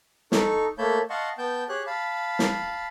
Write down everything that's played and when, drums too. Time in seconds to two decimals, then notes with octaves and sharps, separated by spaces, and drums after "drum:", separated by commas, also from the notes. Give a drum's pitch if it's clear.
0.32 D#4 A4 C#6, drum: snare
0.78 A3 A#3 C#5 A5 B5 G6
1.10 D#5 F5 F#5 A5 C6 C#6
1.38 B3 G5 A5 G6
1.69 G4 G#4 C#5 F#6
1.87 F5 A5 B5
2.39 drum: snare